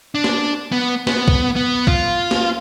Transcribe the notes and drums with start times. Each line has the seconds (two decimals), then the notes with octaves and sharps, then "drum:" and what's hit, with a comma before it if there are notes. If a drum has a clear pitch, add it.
0.15 D4
0.24 drum: snare
0.72 B3
1.07 B3, drum: snare
1.28 drum: kick
1.56 B3
1.87 F4, drum: kick
2.31 drum: snare